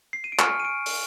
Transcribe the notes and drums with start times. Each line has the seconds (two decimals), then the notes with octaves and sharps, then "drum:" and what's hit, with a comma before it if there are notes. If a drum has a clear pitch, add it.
0.13 C7
0.24 D#7
0.32 D7
0.39 G#5 C#6 F6 C#7, drum: clap
0.60 D#7
0.65 D7
0.86 drum: open hi-hat